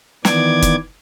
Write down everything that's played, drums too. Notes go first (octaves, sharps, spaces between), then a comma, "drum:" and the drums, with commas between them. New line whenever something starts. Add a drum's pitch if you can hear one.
D#3 E3 B3 D5 D6 G#6, drum: snare
drum: kick, hi-hat